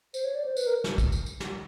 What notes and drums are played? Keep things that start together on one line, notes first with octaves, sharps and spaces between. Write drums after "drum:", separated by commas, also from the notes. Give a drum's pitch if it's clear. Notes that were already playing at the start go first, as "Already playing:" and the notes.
C5, drum: tambourine
C#5
D5
C5
B4, drum: tambourine
A#4
drum: snare
drum: kick, tambourine
drum: tambourine
drum: tambourine
drum: snare